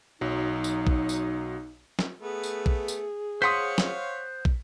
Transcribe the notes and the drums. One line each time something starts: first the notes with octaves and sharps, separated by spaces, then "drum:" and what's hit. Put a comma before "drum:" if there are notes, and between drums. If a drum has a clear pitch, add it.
B1 F#3 D#4
drum: tambourine
drum: kick
drum: tambourine
drum: snare
A3 B3 G#4
drum: tambourine
drum: kick
drum: tambourine
C5 C#5 F5 F#5 C6 D#6 B6
drum: snare
drum: kick